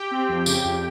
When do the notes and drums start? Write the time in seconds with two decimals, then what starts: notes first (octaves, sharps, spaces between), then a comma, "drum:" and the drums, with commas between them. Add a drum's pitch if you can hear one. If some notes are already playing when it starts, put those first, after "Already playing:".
Already playing: G4 G5
0.11 C4
0.29 F2
0.46 C#3, drum: tambourine
0.65 F2